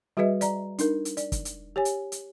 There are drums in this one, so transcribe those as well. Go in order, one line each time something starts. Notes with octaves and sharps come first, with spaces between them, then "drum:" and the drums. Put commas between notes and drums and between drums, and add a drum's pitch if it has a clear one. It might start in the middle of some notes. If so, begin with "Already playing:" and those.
G3 F#4 G#4 B4 D#5 E5
D5 A#5, drum: hi-hat
D4 D#4 A#4, drum: hi-hat
drum: hi-hat
D5, drum: hi-hat
drum: kick, hi-hat
drum: hi-hat
G4 C#5 G#5
drum: hi-hat
drum: hi-hat